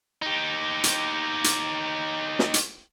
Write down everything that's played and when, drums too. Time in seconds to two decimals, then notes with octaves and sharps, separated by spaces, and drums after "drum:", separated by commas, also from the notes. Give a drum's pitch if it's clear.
0.22 D#4 G4
0.84 drum: hi-hat
1.44 drum: hi-hat
2.39 drum: snare
2.54 drum: hi-hat